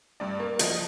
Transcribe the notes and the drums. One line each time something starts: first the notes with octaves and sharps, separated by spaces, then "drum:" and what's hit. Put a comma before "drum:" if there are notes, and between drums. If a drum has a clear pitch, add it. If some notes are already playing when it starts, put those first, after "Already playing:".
G2 D5
A#3
F3 D#5, drum: hi-hat